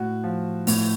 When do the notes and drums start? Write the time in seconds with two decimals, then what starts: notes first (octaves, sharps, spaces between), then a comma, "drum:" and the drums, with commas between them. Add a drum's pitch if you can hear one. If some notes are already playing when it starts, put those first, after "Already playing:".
Already playing: A2 F#4
0.24 F3
0.67 A2, drum: open hi-hat